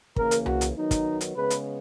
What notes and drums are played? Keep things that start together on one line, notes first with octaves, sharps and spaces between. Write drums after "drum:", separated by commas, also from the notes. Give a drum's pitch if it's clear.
C#3 E3 A#3 A#4, drum: kick
drum: hi-hat
F#4, drum: tom C2
drum: hi-hat
D#3 F#3 B3 D#4
drum: kick, hi-hat
drum: hi-hat
C#3 G#3 B3 B4
drum: hi-hat